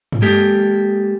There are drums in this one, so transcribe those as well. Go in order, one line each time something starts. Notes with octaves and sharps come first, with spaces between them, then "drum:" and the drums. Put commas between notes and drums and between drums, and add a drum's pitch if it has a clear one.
drum: tom G2
G#3 A#3 G4 A4